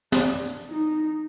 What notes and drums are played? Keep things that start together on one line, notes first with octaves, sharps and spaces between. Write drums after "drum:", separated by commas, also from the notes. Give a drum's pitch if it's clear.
D4, drum: snare
D#4